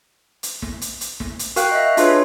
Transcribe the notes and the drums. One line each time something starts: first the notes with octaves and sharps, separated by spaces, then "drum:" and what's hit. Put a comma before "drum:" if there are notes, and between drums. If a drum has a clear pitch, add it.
drum: hi-hat
drum: snare
drum: hi-hat
drum: hi-hat
drum: snare
drum: hi-hat
F#4 A#4 F5 G5 F6 F#6, drum: hi-hat
D#5 E5
D4 F4 G#4 B4 C#5, drum: hi-hat